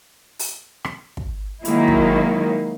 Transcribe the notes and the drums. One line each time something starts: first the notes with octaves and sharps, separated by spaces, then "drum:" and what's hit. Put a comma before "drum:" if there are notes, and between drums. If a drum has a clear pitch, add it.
drum: open hi-hat
drum: rim click
drum: kick
D#3 F#3 G#3 A#3 D#4 E4, drum: hi-hat
drum: kick